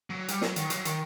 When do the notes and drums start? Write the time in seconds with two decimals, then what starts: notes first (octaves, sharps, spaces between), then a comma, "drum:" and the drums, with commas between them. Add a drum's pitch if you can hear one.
0.10 F#3
0.28 G3, drum: hi-hat
0.41 F#3, drum: snare
0.56 D#3, drum: hi-hat
0.70 F#3, drum: hi-hat
0.85 D#3, drum: hi-hat